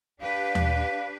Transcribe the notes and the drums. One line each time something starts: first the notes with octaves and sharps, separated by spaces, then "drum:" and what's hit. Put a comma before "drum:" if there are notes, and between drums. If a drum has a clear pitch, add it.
D4 G4 B4 F5
drum: tom D#2